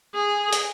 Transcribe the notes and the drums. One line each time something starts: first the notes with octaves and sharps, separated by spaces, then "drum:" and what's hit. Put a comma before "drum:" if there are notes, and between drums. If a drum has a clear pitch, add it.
G#4
drum: hi-hat